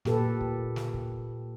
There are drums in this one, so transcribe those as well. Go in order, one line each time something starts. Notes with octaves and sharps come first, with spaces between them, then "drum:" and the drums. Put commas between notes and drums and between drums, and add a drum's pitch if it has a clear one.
A#2 G4 A4 B4, drum: snare
drum: kick
drum: snare
drum: kick